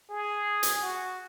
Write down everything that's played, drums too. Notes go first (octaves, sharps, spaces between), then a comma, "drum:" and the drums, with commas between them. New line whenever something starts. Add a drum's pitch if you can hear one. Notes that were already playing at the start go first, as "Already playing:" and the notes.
G#4
drum: hi-hat
F#4